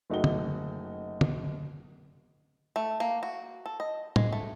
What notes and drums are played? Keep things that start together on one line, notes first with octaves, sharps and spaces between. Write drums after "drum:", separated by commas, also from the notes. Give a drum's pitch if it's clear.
F#1 A3 D#4 F#4 G5 G7
drum: tom
drum: tom
A3
A#3
F#4
A4
D#5
G#3, drum: tom
A3